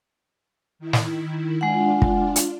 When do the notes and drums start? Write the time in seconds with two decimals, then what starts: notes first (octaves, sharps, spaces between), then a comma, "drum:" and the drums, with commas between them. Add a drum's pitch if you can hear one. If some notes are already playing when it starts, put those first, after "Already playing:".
0.79 D#3 E4
0.93 drum: snare
1.61 G#3 D4 F4 F#5
2.02 drum: kick
2.36 drum: hi-hat